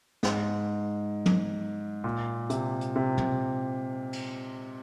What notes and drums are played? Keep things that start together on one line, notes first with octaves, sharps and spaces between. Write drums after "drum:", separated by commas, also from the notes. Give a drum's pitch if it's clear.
G#2, drum: snare
drum: tom
A#2
C3, drum: hi-hat
drum: hi-hat
C3
drum: tom
drum: cymbal